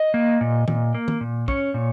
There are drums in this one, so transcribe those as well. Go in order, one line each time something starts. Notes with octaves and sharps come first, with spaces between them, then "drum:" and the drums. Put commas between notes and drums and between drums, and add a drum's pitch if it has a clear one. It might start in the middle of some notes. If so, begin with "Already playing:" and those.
Already playing: D#5
A#3
A#2
A#2, drum: tom D#3
A#3
drum: tom D#3
A#2
C#4 C#5, drum: kick
A#2